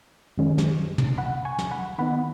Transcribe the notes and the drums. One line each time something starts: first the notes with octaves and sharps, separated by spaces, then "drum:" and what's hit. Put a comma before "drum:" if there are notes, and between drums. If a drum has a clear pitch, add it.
F#2 D#3 G#3 C#4
drum: snare
drum: tom
F#5 B5
G#5 C#6
drum: snare
F#5 B5
D#3 B3 D#4 F#5 B5